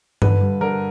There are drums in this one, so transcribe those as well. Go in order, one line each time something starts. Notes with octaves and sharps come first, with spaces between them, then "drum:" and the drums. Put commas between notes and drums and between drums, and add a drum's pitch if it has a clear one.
D3 B4, drum: tom G2
G2
D3 A#4